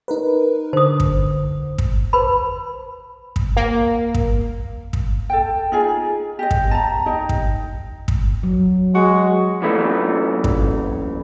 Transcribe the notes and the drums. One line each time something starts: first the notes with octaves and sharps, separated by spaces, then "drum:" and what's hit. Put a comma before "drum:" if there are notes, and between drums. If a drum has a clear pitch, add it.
D#4 A#4 B4
D3 C5 D#6
drum: kick
drum: kick
B4 C5 B5
drum: kick
A#3
drum: kick
drum: kick
A4 G5
D#4 F4 G#4
G4 D#5
drum: kick
A5 A#5
D#4 G4 D#5
drum: kick
drum: kick
F#3
G#3 F#4
F#2 E3 A3
drum: kick